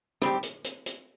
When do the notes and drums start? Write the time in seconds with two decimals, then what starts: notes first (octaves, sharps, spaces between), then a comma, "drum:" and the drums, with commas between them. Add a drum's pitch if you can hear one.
0.22 G3 C4 G4, drum: rim click
0.43 drum: hi-hat
0.64 drum: hi-hat
0.86 drum: hi-hat